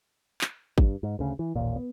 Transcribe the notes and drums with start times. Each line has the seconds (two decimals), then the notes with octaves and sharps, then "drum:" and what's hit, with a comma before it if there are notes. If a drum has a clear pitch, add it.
0.41 drum: clap
0.78 G2, drum: kick G#1
1.03 G#2
1.19 D2 C#3
1.39 E3
1.56 A1 D#2 A#2
1.76 B3